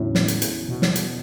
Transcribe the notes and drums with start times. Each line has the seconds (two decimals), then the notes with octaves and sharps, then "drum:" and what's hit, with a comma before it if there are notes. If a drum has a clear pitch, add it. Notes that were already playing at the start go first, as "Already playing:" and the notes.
Already playing: E2 A2 D3 F#3 C#4 E4
0.15 drum: snare
0.28 drum: hi-hat
0.42 drum: hi-hat
0.69 B2
0.82 drum: snare
0.95 drum: hi-hat